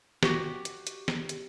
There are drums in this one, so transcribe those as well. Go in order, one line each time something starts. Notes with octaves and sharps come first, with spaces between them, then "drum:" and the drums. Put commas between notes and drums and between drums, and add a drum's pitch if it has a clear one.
F#4 G4, drum: snare
drum: hi-hat
drum: hi-hat
drum: snare
drum: hi-hat